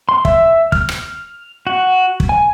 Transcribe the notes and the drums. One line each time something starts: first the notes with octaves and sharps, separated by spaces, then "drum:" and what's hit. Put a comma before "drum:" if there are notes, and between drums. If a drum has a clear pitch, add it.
C6
E5, drum: kick
F6, drum: kick
drum: rim click
F#4
drum: kick
G#5